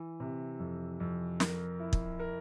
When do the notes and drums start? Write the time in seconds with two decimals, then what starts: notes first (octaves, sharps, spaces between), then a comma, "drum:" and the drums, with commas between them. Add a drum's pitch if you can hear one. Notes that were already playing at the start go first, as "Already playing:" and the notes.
Already playing: E3
0.20 C3
0.59 F2
1.00 F2
1.40 A#4, drum: snare
1.80 E4
1.93 drum: kick
2.19 A#4